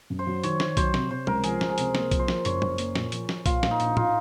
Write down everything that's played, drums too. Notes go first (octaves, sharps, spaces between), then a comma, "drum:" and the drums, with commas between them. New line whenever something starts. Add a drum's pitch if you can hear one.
F#2
C5
F#3
D#3 C#5, drum: hi-hat
D#3 C#5, drum: snare
F#3 C5, drum: kick B1, hi-hat
C3, drum: snare
C3 C5
C#2 A#4, drum: tom
F3 G#4, drum: hi-hat
C#2, drum: snare
G#4
C3, drum: hi-hat
A#3 A#4, drum: snare
F3, drum: kick B1, hi-hat
C5
F3, drum: snare
F#1 C#5, drum: hi-hat
F#1, drum: tom
A#3, drum: hi-hat
A#2, drum: snare
F3, drum: hi-hat
F3, drum: snare
A#2 F4, drum: kick B1, hi-hat
A#2, drum: snare
D#4
A#1, drum: hi-hat
F4, drum: tom